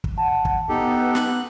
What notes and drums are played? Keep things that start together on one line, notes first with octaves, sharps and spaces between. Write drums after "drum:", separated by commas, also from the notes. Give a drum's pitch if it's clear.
drum: kick
F#5 A5
drum: kick
B3 D#4 G4 A4
F#6, drum: snare